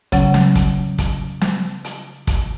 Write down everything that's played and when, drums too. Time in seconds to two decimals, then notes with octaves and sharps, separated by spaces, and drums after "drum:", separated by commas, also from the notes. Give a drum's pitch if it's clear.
0.12 C#3 F#3 C#4, drum: kick, hi-hat
0.34 drum: snare
0.55 drum: kick, hi-hat
0.98 drum: kick, hi-hat
1.41 drum: snare
1.84 drum: hi-hat
2.27 drum: kick, hi-hat